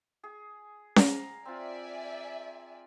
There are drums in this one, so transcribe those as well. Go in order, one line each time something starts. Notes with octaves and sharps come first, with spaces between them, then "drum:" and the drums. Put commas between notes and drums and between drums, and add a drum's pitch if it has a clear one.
G#4
F5 A#5, drum: snare C#4
C4 F4 D5 E5 G#5